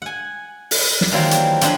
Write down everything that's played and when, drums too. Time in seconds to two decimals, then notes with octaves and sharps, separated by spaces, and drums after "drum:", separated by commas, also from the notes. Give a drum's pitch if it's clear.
0.02 F#5 G#5
0.71 drum: open hi-hat
1.01 drum: snare
1.12 D#3 E3 F#3 G3 A#3 C4
1.31 drum: hi-hat
1.61 F3 G3 C4 D4 G#4 B4, drum: hi-hat